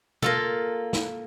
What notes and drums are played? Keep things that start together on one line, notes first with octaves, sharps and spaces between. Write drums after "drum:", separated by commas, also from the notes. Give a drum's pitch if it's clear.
A#3 F4 A4, drum: tom B2
drum: snare